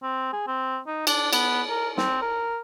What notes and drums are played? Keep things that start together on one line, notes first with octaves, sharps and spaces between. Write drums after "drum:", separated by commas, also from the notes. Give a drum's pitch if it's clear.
C4
G#4
C4
D#4
D4, drum: cymbal
B3, drum: cymbal
A#4
C4, drum: snare
A#4